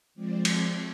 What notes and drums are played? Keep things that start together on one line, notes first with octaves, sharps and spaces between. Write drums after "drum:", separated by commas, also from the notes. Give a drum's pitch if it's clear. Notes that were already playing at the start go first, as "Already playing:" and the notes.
F3 G#3 C4 D5
drum: cymbal